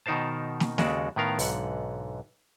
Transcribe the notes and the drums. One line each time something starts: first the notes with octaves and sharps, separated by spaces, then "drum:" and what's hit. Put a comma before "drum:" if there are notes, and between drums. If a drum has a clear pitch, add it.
B2 D#3 D#4 A#4 C5 A5
drum: snare
D#2 C#3 G#3 F#4 A4 D5, drum: snare
A2 D#3 B3 A#4 F5
B1 G#2 D3 F#5, drum: open hi-hat